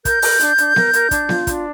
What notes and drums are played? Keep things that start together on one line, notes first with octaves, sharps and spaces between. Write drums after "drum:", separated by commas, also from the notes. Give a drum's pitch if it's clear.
A#4 G6, drum: kick, hi-hat
A#4, drum: open hi-hat
D4, drum: hi-hat
D4, drum: hi-hat
A#4, drum: snare B3
A#4, drum: hi-hat
D4, drum: kick, hi-hat
F4, drum: snare B3
D4, drum: kick, hi-hat